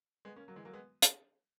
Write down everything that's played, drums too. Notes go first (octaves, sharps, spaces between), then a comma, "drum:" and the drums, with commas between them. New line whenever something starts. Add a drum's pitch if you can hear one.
G#3 B3
A#3 C#4
F#3 A#3
E3 G#3
F#3 A#3
G#3 B3
drum: hi-hat